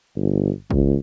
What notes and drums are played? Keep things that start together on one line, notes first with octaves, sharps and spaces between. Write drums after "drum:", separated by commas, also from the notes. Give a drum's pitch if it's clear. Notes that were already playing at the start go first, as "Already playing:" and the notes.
G1
C#2, drum: kick